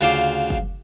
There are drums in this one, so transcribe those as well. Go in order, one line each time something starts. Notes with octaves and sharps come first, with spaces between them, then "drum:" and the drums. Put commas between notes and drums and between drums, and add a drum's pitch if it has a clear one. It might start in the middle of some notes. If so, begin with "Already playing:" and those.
D2 C#3 F4 C5 C6 D6
drum: kick F#1